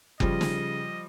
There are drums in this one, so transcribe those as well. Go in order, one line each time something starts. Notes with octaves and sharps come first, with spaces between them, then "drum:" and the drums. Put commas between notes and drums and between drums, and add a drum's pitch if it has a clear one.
C#3 F3 G3 D#5, drum: kick F#1
drum: snare